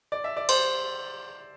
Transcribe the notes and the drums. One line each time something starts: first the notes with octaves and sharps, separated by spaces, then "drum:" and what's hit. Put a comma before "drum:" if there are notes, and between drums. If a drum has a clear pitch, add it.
D5
E5
D5
C5, drum: cymbal